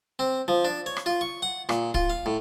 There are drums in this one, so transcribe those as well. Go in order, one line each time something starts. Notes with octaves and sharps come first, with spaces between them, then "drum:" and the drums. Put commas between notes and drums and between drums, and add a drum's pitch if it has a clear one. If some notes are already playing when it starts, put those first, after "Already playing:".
C4
F3
D4
C#5
drum: rim click
F4
C#6
F#5
A#2, drum: rim click
F4, drum: kick
F5
A2